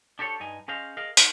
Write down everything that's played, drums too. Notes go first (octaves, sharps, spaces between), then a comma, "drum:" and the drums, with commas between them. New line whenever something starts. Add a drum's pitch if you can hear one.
D4 G4 A4 C#5
G2 D#4 G#5
C#4 G#4 C5 D#5 F5
G#4 A#4 D#5 F5
D#4 F#4 A#4 C5, drum: hi-hat